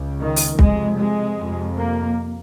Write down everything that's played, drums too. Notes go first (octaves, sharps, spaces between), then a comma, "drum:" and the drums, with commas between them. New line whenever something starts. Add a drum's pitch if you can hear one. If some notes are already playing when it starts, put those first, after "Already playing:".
Already playing: C#2 C#3
D#3
drum: open hi-hat
F2 C3 G#3, drum: kick
G#3
F2 C3
A#3